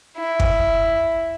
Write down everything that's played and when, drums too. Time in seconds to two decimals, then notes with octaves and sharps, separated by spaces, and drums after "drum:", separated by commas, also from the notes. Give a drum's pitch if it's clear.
0.17 E4
0.40 drum: kick